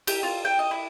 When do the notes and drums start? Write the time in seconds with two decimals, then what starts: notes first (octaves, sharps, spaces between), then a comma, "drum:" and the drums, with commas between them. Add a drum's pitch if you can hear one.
0.07 G4, drum: cymbal
0.23 F4
0.45 G5
0.59 D#5
0.71 E4